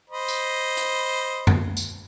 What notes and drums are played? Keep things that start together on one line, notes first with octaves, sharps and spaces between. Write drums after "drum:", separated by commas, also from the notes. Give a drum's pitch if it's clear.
C5 D#5 B5
drum: tambourine
drum: hi-hat
drum: tom F#2
drum: tambourine